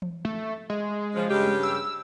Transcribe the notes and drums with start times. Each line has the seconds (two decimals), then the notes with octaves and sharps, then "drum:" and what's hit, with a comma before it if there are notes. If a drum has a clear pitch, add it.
0.02 drum: tom E3
0.25 A3
0.70 G#3
1.14 C#3 F3
1.29 G2 C#3 G4
1.47 drum: tom G3
1.63 E6